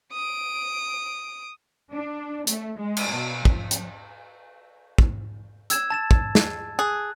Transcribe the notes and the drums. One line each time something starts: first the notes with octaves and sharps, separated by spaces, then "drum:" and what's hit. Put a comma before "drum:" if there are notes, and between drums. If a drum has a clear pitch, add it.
D#6 D7
D4
A3, drum: hi-hat
G#3
drum: cymbal
B2
F3, drum: kick
drum: hi-hat
drum: kick
E6 G#6 E7, drum: hi-hat
A5 A6 E7
drum: kick
drum: snare
G#4 F#6